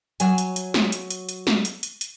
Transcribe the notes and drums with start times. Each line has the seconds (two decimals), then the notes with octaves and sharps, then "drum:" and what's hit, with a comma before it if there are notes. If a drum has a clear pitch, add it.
0.20 F#3 C#5 G#5, drum: hi-hat
0.38 drum: hi-hat
0.56 drum: hi-hat
0.74 drum: snare
0.92 drum: hi-hat
1.11 drum: hi-hat
1.29 drum: hi-hat
1.47 drum: snare
1.65 drum: hi-hat
1.83 drum: hi-hat
2.01 drum: hi-hat